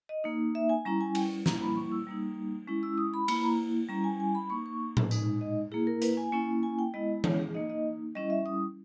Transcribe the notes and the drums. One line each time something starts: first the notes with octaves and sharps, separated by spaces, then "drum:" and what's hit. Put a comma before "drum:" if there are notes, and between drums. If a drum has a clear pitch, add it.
D#5
A#3 D#4
E5
G#5
G3 C#4 E4 A#5
G#5
G5, drum: cymbal
G3 A#3 E4 A#5, drum: snare
B5
C#6
E6
G3 A#3 D#4
G#3 C#4 E4
E6
D#6
B5
A#3 E4 B5, drum: cymbal
A#5
G3 C#4 E4 A#5
G#5
G#5
B5
A#3 D#4 C#6
C#6
drum: tom A2
G#3 D#4, drum: tambourine
D#5
A#3 E4 G#4
A#4
B4, drum: hi-hat
G#5
A#3 C#4 E4 G#5
G#5
G5
G#3 B3 E4 D#5
C#5, drum: tom E3
G#4
A#3 D#4 D#5
D#5
G3 C#4 E4 D#5
E5
D#6